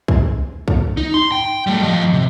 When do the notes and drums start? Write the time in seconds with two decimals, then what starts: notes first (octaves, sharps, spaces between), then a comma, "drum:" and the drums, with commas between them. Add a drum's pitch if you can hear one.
0.08 drum: kick
0.68 drum: kick
0.97 D#4
1.14 C6
1.32 G5
1.67 G3 A3
1.82 F3 D#5
2.13 C3